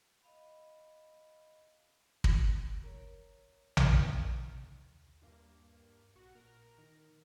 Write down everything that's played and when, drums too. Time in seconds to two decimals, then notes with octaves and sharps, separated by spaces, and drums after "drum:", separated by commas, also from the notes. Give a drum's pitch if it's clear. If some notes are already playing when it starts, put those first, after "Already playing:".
0.22 D#5 F5 B5
2.24 B3, drum: kick
2.83 A#4 C#5
3.77 drum: tom A#1
4.54 D#2
5.22 G2 A#3
6.16 A#1 F#4
6.35 A#2 A#4 A#5
6.78 D#3